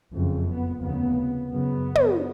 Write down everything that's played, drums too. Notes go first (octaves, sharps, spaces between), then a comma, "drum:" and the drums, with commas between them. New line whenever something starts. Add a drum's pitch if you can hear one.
F#1 F2 C#3
B3
F1 D#2 C#3 B3
F#1 F#2 C#3 B3
drum: tom